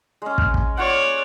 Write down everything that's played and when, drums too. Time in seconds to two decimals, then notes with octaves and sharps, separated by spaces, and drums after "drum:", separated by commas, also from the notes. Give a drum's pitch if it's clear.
0.22 G#3 C#4
0.38 drum: kick
0.54 drum: kick
0.77 F4 C#5 D5 F#5